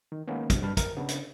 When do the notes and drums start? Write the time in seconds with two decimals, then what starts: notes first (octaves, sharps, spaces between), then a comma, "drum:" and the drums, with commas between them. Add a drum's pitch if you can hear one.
0.12 D#3
0.28 D#3 G#3 A#3 B3 C#4
0.50 G2 B2, drum: kick, hi-hat
0.62 C2 G2 B4 A5 F6
0.77 A#4, drum: kick, hi-hat
0.97 C#3 B3 D4
1.08 drum: hi-hat